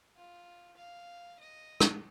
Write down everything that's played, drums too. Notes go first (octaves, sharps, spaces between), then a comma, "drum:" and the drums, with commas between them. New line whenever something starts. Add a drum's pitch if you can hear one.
F4
F5
D#5
drum: rim click